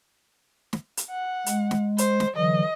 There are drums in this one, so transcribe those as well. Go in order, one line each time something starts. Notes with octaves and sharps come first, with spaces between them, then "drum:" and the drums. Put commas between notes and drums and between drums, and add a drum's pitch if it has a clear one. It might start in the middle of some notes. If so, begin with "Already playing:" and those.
drum: snare
drum: hi-hat
F#5
G#3, drum: hi-hat
drum: snare
C5, drum: hi-hat
drum: snare
D3 E3 F#3 D#5